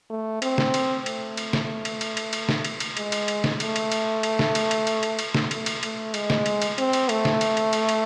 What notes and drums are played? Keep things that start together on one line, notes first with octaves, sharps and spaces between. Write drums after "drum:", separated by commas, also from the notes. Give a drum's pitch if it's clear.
A3
C4, drum: cymbal
drum: snare
drum: cymbal
A3, drum: cymbal
drum: cymbal
drum: snare
drum: cymbal
drum: cymbal
drum: cymbal
drum: cymbal
drum: snare
drum: cymbal
drum: cymbal
G#3, drum: cymbal
drum: cymbal
drum: cymbal
drum: snare
A3, drum: cymbal
drum: cymbal
drum: cymbal
drum: cymbal
drum: snare
drum: cymbal
drum: cymbal
drum: cymbal
drum: cymbal
drum: cymbal
drum: snare
A3, drum: cymbal
drum: cymbal
A3, drum: cymbal
G#3, drum: cymbal
drum: snare
drum: cymbal
drum: cymbal
C4, drum: cymbal
drum: cymbal
A3, drum: cymbal
drum: snare
drum: cymbal
drum: cymbal
drum: cymbal
drum: cymbal